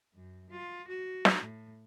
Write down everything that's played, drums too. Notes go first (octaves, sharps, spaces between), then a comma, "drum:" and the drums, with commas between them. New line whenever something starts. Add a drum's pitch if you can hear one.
F#2
F4
F#4
drum: snare
A2